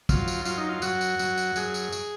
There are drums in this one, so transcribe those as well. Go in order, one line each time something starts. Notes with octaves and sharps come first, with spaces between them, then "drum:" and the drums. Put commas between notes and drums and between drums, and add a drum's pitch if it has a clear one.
F#2 F4, drum: kick, tambourine
drum: tambourine
F#2 F4, drum: tambourine
D#4
F4
F#2 F#4, drum: tambourine
drum: tambourine
F#2, drum: tambourine
drum: tambourine
F#2 G#4, drum: tambourine
drum: tambourine
drum: tambourine